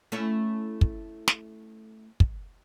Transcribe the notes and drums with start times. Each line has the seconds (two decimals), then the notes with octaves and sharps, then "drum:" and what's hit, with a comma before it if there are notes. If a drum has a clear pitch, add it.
0.12 A3 C#4 E4
0.81 drum: kick
1.28 drum: snare
2.20 drum: kick